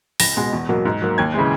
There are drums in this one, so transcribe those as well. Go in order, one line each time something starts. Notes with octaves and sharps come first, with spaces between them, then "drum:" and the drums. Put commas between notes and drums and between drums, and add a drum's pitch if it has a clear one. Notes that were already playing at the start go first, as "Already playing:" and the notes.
C#2 A#6, drum: open hi-hat
B2 G#3
E2
B2 F#3 A#3
G#2
F#3 A#3
D#2 G#6
C#3 E3 G#3